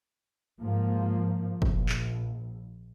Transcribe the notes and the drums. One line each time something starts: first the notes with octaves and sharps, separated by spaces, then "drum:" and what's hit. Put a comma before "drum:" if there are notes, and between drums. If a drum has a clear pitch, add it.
G#2 F3 A#3
A#1, drum: kick
drum: clap